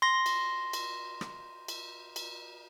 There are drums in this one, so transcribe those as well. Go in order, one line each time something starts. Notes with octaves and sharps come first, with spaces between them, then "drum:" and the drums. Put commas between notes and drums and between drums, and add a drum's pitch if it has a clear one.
C6 A#6
drum: cymbal
drum: cymbal
drum: rim click
drum: cymbal
drum: cymbal